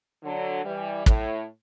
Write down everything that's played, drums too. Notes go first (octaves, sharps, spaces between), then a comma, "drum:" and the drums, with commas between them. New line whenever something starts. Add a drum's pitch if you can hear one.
D3 F#3
E3 G3
A2, drum: kick